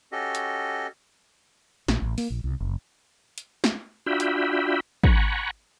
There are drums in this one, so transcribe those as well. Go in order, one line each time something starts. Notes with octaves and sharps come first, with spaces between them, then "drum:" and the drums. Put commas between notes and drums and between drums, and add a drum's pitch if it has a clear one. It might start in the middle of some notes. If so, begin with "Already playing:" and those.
C#4 F#4 G4 A4 D#5
drum: hi-hat
A#1, drum: snare
A1
A#3, drum: open hi-hat
A#1
C2
F#1
drum: hi-hat
drum: snare
D4 F4 F#4 E5 G5 B5
drum: hi-hat
F#5 G#5 A#5 B5 C#6, drum: kick